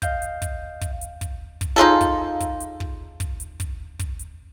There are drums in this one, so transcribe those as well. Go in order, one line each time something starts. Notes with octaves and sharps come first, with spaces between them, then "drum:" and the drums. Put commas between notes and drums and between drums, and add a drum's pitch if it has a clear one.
D#5 F5 G6, drum: kick, hi-hat
drum: hi-hat
drum: kick, hi-hat
drum: kick, hi-hat
drum: hi-hat
drum: kick, hi-hat
drum: kick, hi-hat
D#4 F4 G#4 A4
drum: kick, hi-hat
drum: kick, hi-hat
drum: hi-hat
drum: kick
drum: kick, hi-hat
drum: hi-hat
drum: kick, hi-hat
drum: kick, hi-hat
drum: hi-hat